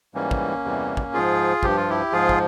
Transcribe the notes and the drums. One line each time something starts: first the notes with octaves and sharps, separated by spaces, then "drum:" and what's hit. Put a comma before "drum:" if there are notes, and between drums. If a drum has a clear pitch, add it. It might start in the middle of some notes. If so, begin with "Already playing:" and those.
G#2 E3 G3 A#3 C#4
drum: kick
E2 C3 E3 G3
drum: kick
G#2 F3 F4 G#4
G2 F3 G4, drum: kick
F4
E4 G4
G#2 F3 F4 G#4
drum: kick